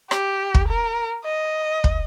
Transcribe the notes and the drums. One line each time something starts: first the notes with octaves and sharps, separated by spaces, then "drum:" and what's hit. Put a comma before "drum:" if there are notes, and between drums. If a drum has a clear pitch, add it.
G4, drum: rim click
drum: kick
A#4
D#5
drum: kick